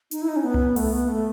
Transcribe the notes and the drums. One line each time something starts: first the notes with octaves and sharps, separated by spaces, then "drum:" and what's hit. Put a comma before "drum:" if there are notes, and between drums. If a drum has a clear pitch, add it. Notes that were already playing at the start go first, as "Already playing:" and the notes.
D#4, drum: hi-hat
E4
D#4
C#4
B3
drum: tom C2
A3, drum: open hi-hat
B3
A3